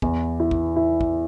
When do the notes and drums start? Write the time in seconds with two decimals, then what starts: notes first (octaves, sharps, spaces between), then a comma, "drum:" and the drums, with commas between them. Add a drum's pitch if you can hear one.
0.02 E2, drum: kick
0.40 E4
0.51 drum: kick
0.76 E4
1.01 drum: kick